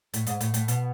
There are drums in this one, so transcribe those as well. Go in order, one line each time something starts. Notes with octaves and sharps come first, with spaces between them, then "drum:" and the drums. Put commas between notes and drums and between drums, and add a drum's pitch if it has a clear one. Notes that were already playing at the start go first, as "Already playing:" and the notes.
A2, drum: hi-hat
G#2, drum: hi-hat
A2, drum: hi-hat
A2, drum: hi-hat
B2, drum: hi-hat